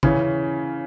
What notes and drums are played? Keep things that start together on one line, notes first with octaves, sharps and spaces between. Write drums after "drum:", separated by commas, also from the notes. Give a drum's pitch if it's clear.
C#3 E3 C#4, drum: kick